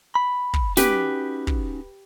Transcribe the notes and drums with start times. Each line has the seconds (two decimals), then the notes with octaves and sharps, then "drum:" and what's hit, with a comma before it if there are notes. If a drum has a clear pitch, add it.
0.15 B5
0.54 drum: kick
0.77 C#4 D#4 F#4 G4 B4, drum: snare
1.47 drum: kick